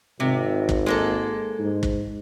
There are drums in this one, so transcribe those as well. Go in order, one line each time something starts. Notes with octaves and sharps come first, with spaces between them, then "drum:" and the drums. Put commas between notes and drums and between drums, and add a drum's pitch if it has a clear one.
G#1 C3
drum: kick
G#3 A#3 A4
G#2
drum: kick